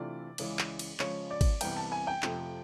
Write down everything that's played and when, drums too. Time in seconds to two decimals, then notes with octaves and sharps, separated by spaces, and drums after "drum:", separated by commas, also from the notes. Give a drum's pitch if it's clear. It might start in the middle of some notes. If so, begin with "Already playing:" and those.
Already playing: C3 E3 A3 D4 F4 D5
0.38 C#2 C#3 E3 G#3, drum: cymbal
0.59 drum: clap
0.79 drum: cymbal
1.00 C#3 F3 G#3 C#4 C#5, drum: clap
1.31 D5
1.41 drum: kick G#1, cymbal
1.61 C2 C3 E3 G3 B3 G5, drum: cymbal
1.77 A5
1.92 G#5
2.07 G5
2.22 F2 C3 F3 A3, drum: clap